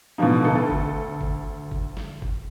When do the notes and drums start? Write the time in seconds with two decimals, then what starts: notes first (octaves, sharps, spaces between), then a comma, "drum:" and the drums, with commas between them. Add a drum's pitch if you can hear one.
0.18 B2 D3 E3 F3 D#4
0.45 D2 A4
0.70 drum: kick F#1
1.21 drum: kick F#1
1.71 drum: kick F#1
1.97 drum: snare
2.22 drum: kick F#1